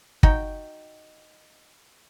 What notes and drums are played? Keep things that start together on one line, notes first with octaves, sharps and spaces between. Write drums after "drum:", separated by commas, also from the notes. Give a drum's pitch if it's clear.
D#4 F#4 G5, drum: kick